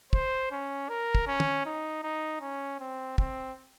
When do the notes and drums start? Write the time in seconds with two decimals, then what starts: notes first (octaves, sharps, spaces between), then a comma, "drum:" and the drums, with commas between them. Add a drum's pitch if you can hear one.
0.13 C5, drum: kick
0.51 C#4
0.89 A#4
1.15 drum: kick
1.27 C#4
1.40 drum: tom
1.66 D#4
2.03 D#4
2.41 C#4
2.80 C4
3.18 C4, drum: kick